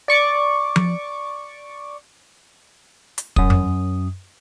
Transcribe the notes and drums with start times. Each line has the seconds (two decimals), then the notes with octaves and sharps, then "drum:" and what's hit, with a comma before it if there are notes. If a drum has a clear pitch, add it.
0.08 D5 C#6 D6
0.76 drum: tom F3
3.18 drum: hi-hat
3.36 F#2 D#6, drum: kick
3.50 drum: tom F2